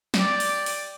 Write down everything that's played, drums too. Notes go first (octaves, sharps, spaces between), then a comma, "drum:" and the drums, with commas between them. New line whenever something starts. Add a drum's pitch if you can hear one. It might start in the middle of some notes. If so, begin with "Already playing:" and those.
G4 D5, drum: snare
drum: open hi-hat
drum: open hi-hat